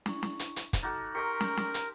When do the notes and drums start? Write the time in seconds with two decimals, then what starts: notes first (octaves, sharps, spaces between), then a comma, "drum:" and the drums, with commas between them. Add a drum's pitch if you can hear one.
0.06 D4 E4 C#6, drum: snare
0.23 drum: snare
0.39 drum: hi-hat
0.56 drum: hi-hat
0.73 drum: kick, hi-hat
0.82 D#4 F#4 A4 D6 F6 A6
1.15 G4 A#4 D#5 A#5 C6 C#6 C#7
1.41 drum: snare
1.57 drum: snare
1.74 drum: hi-hat